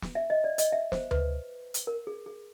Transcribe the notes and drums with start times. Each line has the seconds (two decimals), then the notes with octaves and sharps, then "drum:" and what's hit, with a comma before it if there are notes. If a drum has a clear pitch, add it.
0.02 drum: snare
0.15 E5
0.30 D#5
0.44 D5
0.58 D#5, drum: hi-hat
0.72 E5
0.92 C5, drum: snare
1.11 B4, drum: tom D2
1.74 drum: hi-hat
1.87 A#4
2.07 G#4
2.26 G#4